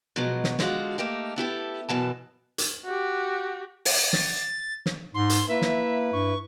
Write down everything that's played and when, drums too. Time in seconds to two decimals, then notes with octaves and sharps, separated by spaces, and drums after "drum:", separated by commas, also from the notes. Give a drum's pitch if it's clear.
0.16 B2 F3 F#3 G#3
0.44 drum: snare
0.59 D3 G#3 F4 F#4, drum: snare
0.98 A3 A#3 D#4 G4
1.36 B3 E4 G4 A4
1.89 F#2 B2 E3 A5
2.58 drum: hi-hat
2.85 F#4 G4
3.85 drum: open hi-hat
4.13 A6, drum: snare
4.86 drum: snare
5.14 G#2 C6
5.30 drum: hi-hat
5.49 A#3 E4 B4 E5
5.62 drum: snare
6.13 G2 C#6